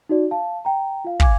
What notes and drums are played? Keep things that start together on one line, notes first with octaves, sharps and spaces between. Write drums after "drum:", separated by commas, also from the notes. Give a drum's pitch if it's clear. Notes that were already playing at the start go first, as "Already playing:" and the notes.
D#4 F#4 D5
F5 A5
G5 A#5
F4 F5
F5 G#5 D6 G#6, drum: kick